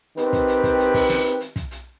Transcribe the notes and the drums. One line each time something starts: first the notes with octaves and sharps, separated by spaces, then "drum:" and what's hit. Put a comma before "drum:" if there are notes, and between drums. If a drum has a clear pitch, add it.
D#3 C4 G4 B4, drum: hi-hat
drum: kick, hi-hat
drum: hi-hat
drum: kick, hi-hat
drum: hi-hat
drum: kick, open hi-hat
drum: snare
drum: hi-hat
drum: hi-hat
drum: kick, hi-hat
drum: hi-hat